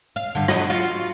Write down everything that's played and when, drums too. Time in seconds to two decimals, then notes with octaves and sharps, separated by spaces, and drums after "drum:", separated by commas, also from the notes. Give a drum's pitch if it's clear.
0.16 F5
0.35 G2 D3
0.48 F#3 D#5, drum: rim click
0.70 F4 F#4